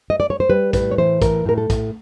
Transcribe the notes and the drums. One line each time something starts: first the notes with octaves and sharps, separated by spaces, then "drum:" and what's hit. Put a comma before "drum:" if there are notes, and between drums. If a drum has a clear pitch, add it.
D#5
D5
C#5
C5
G3 B4
A2 B4, drum: kick, hi-hat
C#5
E3 C5
A2 A#4, drum: kick, hi-hat
A2 A#4
A4
A2, drum: kick, hi-hat